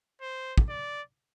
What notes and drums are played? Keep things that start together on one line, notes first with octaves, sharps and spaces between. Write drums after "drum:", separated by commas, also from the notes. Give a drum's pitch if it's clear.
C5
drum: kick
D5